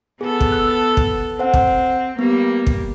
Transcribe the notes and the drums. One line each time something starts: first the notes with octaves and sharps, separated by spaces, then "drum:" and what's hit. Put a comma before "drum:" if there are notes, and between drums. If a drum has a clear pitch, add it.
B3 G#4 A4
drum: kick
E6 F#6
drum: kick
C4 C5 F#5
drum: kick
G3 A#3 B3
drum: kick